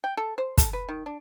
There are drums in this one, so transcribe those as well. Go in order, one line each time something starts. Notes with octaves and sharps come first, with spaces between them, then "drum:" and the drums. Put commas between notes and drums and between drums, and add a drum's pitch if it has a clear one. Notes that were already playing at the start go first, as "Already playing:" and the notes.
G5
A4
C5
A4, drum: kick, hi-hat
B4
D#3
D4